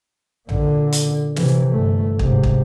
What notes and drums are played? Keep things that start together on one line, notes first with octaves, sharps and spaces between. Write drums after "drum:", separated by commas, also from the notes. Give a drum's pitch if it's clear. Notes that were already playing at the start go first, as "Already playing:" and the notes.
A#2 D3, drum: tom A1
drum: hi-hat
C3 E3, drum: snare
G1 A3
G#2 C3, drum: kick
drum: kick